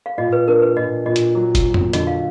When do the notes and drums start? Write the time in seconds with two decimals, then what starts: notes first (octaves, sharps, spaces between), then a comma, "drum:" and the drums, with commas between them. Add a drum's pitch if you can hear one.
0.06 F5
0.18 A#2 D#5
0.32 B4
0.48 D4 A#4
0.62 B4
0.77 A#2 D#5
1.06 A#2 D#5
1.16 drum: hi-hat
1.35 F#3
1.55 drum: kick F1, hi-hat
1.64 F#3
1.74 drum: tom F2
1.93 D3 D#5, drum: hi-hat
2.07 F5